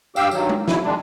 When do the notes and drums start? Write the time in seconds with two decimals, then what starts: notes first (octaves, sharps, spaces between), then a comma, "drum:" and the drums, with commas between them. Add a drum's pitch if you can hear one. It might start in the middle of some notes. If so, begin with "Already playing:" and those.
0.16 G2 G4 F5 G5 E6, drum: tambourine
0.31 G2 D#3 F#3, drum: tambourine
0.49 drum: tom G#3
0.68 G#2 B2 E4, drum: snare
0.84 D#3 G#3 D4